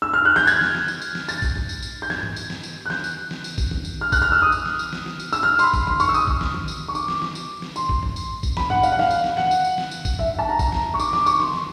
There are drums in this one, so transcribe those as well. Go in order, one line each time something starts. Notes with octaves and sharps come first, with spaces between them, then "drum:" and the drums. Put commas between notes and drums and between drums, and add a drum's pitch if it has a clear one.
E6
F6
F#6
G6, drum: snare
G#6, drum: tambourine
drum: snare
drum: snare
drum: tambourine
drum: tambourine
drum: snare
A6, drum: tambourine
drum: kick, tambourine
drum: tom
drum: tambourine
drum: tambourine
G6
G#6, drum: snare
drum: tom
drum: tambourine
drum: snare
drum: tambourine
F#6
G6, drum: snare
drum: tambourine
drum: snare
drum: tambourine
drum: kick, tambourine
drum: tom
drum: tambourine
F6
F#6, drum: kick, tambourine
F6
E6
D#6
drum: tambourine
drum: snare
drum: tambourine
drum: snare
drum: snare
drum: tambourine
E6, drum: tambourine
F6
C6, drum: tambourine
B5
drum: kick, tambourine
C6, drum: tom
C#6, drum: tambourine
E6
D#6, drum: tambourine
drum: kick
drum: snare
drum: tom
drum: tambourine
C#6
D6, drum: tambourine
drum: snare
drum: snare
drum: tambourine
drum: snare
C6, drum: tambourine
drum: kick
drum: tom
drum: tambourine
drum: kick, tambourine
B5, drum: snare
F#5, drum: tom
F5, drum: tambourine
F#5
F5, drum: snare
drum: tambourine
drum: snare
F#5, drum: snare
drum: tambourine
drum: tambourine
drum: snare
drum: tambourine
drum: kick, tambourine
E5, drum: tom
A5
A#5
A#5, drum: kick, tambourine
drum: snare
C#6
D6, drum: tambourine
D6, drum: snare
C#6, drum: tambourine
C6, drum: snare
drum: snare